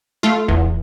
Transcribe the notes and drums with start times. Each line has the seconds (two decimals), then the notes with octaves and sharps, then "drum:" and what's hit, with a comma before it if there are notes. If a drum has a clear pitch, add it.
0.23 A3 F4
0.48 E2, drum: kick D1